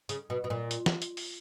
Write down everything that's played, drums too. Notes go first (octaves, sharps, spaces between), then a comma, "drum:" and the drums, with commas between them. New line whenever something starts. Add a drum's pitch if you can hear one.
C#3, drum: hi-hat
B2
B2
A#2
drum: hi-hat
drum: snare
drum: hi-hat
drum: open hi-hat